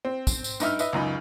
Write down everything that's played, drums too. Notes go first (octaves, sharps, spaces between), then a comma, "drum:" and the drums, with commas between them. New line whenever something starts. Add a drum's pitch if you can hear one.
C4
drum: kick, tambourine
drum: tambourine
G2 D#4 E5 F6, drum: tambourine
B4 D#5 E5, drum: tambourine
C#2 F#2 D#4 B5